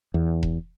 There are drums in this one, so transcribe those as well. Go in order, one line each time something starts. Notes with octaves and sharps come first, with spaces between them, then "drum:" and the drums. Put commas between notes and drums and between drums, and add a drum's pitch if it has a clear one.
E2
drum: kick E1